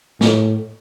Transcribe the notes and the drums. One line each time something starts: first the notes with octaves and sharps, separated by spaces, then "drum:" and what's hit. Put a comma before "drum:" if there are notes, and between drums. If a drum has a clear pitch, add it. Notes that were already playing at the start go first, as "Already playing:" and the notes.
A2, drum: snare